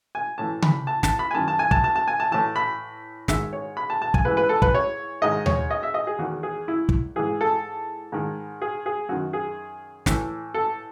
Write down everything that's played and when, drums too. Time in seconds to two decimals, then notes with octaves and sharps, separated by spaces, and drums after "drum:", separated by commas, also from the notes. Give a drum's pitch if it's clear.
0.15 G#5
0.38 A2 E3 A5
0.62 B5, drum: tom C#3
0.87 A5
1.03 A5, drum: snare
1.19 B5
1.31 G#5
1.35 F#2 D#3 A5
1.48 A5
1.59 G#5
1.71 A5, drum: kick
1.84 A5
1.96 A5
2.08 G#5
2.20 A5
2.31 A2 E3 A5
2.56 B5
3.28 G#2 D#3 E5, drum: snare
3.53 C#5
3.77 B5
3.90 A5
4.02 A5
4.14 G#5, drum: kick
4.25 G#2 E3 B4
4.37 B4
4.49 A4
4.62 B4, drum: kick
4.74 C#5
5.22 G#2 D#3 D#5
5.46 C#5, drum: tom D#2
5.71 D#5
5.83 E5
5.94 D#5
6.07 G#4
6.18 E2 D#3 F#4
6.43 G#4
6.68 E4
6.89 drum: kick
7.16 G#2 E3 G#4
7.41 A4
8.12 G#2 D#3
8.62 G#4
8.86 G#4
9.09 F#2 D#3 F#4
9.33 G#4
10.06 A2 E3, drum: snare
10.54 A4